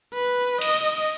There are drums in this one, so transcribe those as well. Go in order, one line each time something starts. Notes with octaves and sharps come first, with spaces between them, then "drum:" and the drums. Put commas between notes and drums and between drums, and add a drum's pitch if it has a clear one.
B4
D#5, drum: cymbal